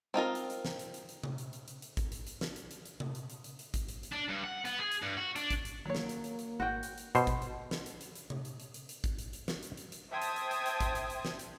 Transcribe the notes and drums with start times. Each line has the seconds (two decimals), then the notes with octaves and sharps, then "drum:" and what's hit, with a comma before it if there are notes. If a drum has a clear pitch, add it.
0.14 C4 D#4 F4 A#4
0.35 drum: hi-hat
0.50 drum: hi-hat
0.65 drum: snare
0.79 drum: hi-hat
0.94 drum: hi-hat
1.09 drum: hi-hat
1.24 drum: tom C3
1.38 drum: hi-hat
1.53 drum: hi-hat
1.68 drum: hi-hat
1.82 drum: hi-hat
1.97 drum: kick G#1, hi-hat
2.12 drum: hi-hat
2.27 drum: hi-hat
2.41 drum: snare
2.56 drum: hi-hat
2.71 drum: hi-hat
2.85 drum: hi-hat
3.00 drum: tom C3
3.15 drum: hi-hat
3.30 drum: hi-hat
3.44 drum: hi-hat
3.59 drum: hi-hat
3.74 drum: kick G#1, hi-hat
3.89 drum: hi-hat
4.03 drum: hi-hat
4.13 D4
4.29 G2
4.44 F#5
4.65 B3, drum: hi-hat
4.81 G#4
4.92 drum: hi-hat
5.03 G2
5.17 F#4
5.36 D4, drum: hi-hat
5.50 drum: kick G#1, hi-hat
5.65 drum: hi-hat
5.86 D#3 F#3 A#3 C#5
5.95 drum: snare
6.09 drum: hi-hat
6.24 drum: hi-hat
6.39 drum: hi-hat
6.60 G#1 F#4 F#5 G5
6.83 drum: hi-hat
6.98 drum: hi-hat
7.15 B2 C5, drum: hi-hat
7.27 drum: kick G#1, hi-hat
7.42 drum: hi-hat
7.71 drum: snare
7.86 drum: hi-hat
8.01 drum: hi-hat
8.15 drum: hi-hat
8.30 drum: tom C3
8.45 drum: hi-hat
8.60 drum: hi-hat
8.74 drum: hi-hat
8.89 drum: hi-hat
9.04 drum: kick G#1, hi-hat
9.19 drum: hi-hat
9.33 drum: hi-hat
9.48 drum: snare
9.63 drum: hi-hat
9.77 drum: hi-hat
9.92 drum: hi-hat
10.12 C5 E5 G5 A5 D#6 G#6
10.22 drum: hi-hat
10.36 drum: hi-hat
10.51 drum: hi-hat
10.66 drum: hi-hat
10.80 drum: kick G#1, hi-hat
10.95 drum: hi-hat
11.10 drum: hi-hat
11.25 drum: snare
11.39 drum: hi-hat